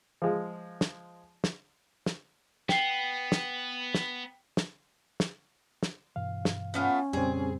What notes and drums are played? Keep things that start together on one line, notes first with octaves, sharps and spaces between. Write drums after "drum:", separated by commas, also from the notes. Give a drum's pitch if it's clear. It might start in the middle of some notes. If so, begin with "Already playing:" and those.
F3 G#3
drum: snare
drum: snare
drum: snare
B3 G5 C7, drum: snare
drum: snare
drum: snare
drum: snare
drum: snare
drum: snare
G2 B2 E3 F5
drum: snare
A3 B3 C#4 F4
F2 A#2 C#3 G3 C4 G#4